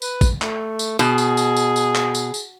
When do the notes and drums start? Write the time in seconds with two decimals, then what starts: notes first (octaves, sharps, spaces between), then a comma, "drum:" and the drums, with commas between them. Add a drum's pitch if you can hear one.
0.02 B4, drum: tambourine
0.21 drum: kick, tambourine
0.42 A3, drum: clap
0.79 drum: tambourine
0.99 B2 G#4, drum: tambourine
1.18 drum: tambourine
1.37 drum: tambourine
1.57 drum: tambourine
1.76 drum: tambourine
1.95 drum: clap
2.15 drum: tambourine
2.34 drum: tambourine